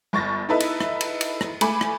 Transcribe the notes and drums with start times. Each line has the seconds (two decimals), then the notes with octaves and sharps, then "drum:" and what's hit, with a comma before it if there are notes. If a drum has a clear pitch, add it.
0.13 G1 C#6 A6 A#6
0.49 D#4 E4 A4 B4 D#5 E5
0.60 drum: cymbal
0.80 drum: rim click
1.01 drum: cymbal
1.21 drum: cymbal
1.41 drum: rim click
1.61 A3 G#5 B5 D6, drum: cymbal
1.81 drum: rim click